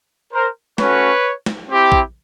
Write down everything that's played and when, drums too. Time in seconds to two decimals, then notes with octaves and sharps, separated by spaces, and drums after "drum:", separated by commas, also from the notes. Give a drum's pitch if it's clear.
0.33 A#4 C5
0.78 A3 C#4 F#4 B4 C#5, drum: snare
1.46 drum: snare
1.69 C4 E4 G4
1.92 drum: kick A#1